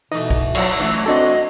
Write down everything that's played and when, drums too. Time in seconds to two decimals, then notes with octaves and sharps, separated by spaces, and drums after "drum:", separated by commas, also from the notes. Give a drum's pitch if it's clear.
0.12 B2 E3 A3 D#4 D#5
0.30 drum: kick
0.55 F#3 E6, drum: cymbal
0.79 E3 A3 C#4 F4
1.06 C4 D4 F#4 A4 D#5